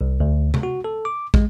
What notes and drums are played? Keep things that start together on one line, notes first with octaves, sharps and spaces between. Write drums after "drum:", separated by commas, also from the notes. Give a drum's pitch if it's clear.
C2
D2
drum: tom C3
F#4
A4
D6
G#3, drum: kick